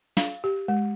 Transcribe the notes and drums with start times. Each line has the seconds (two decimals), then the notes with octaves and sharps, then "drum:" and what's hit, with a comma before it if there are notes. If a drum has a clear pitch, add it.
0.17 F5, drum: snare
0.44 G4
0.68 G#3